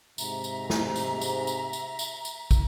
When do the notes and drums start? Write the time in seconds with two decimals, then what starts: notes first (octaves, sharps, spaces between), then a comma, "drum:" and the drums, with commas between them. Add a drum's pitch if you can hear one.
0.18 G#2 C3 E5 A#5, drum: tambourine
0.44 drum: tambourine
0.70 drum: snare
0.96 drum: tambourine
1.21 drum: tambourine
1.47 drum: tambourine
1.73 drum: tambourine
1.99 drum: tambourine
2.25 drum: tambourine
2.51 drum: kick, tambourine